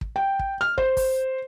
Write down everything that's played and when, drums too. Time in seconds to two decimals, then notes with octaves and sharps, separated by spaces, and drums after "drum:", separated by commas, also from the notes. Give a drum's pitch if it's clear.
0.01 drum: kick
0.16 G5
0.39 drum: kick
0.61 F6
0.78 C5, drum: kick
0.97 drum: kick, open hi-hat